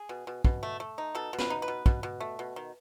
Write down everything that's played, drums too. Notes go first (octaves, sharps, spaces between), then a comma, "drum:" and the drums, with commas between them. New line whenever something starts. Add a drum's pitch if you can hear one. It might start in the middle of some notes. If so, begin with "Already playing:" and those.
Already playing: G#4
B2
B2
B2, drum: kick
A3
A3
D#4
B2 A4
B2
B4, drum: snare
D#4
B4
B2
B2, drum: kick
B2
A3
B2
D#3